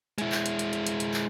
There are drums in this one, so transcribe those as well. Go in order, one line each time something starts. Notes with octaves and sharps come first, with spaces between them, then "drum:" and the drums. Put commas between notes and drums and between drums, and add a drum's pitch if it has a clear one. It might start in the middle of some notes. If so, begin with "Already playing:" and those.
G#3 E4, drum: hi-hat
drum: clap
drum: hi-hat
drum: hi-hat
drum: hi-hat
drum: hi-hat
drum: hi-hat
drum: clap